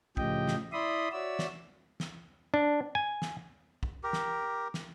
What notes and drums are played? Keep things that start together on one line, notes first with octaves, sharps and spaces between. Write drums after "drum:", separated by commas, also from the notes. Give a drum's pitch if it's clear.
A2 C#3 F3 G4 D#5 G5, drum: kick
drum: snare
E4 D5 E5 B5 C6 D#6
F#4 C#5 D5 E5 E6
drum: snare
drum: snare
D4
G#5
drum: snare
drum: kick
G4 A#4
drum: snare
drum: snare